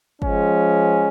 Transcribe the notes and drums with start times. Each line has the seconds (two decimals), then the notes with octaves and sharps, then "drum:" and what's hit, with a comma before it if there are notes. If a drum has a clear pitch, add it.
0.22 F3 G#3 C#4, drum: kick